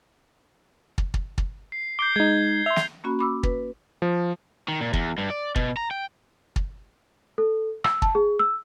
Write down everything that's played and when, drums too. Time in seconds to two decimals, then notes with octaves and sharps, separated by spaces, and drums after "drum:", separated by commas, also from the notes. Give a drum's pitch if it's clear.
0.98 drum: kick
1.14 drum: kick
1.38 drum: kick
1.72 C7
1.99 D6 G6 C7 G7
2.16 G#3 D#4 G#6
2.66 E5 C6 F7
2.76 drum: snare
3.04 A#3 C#4 F#4 B5
3.19 B5 D6 E6
3.43 B4, drum: kick
4.02 F3
4.68 D#3
4.81 A#2
4.93 E2, drum: kick
5.18 G2
5.30 D5
5.56 B2, drum: kick
5.77 A#5
5.91 G5
6.56 drum: kick
7.38 A4
7.84 E6, drum: rim click
8.02 A5, drum: kick
8.15 G#4
8.39 E6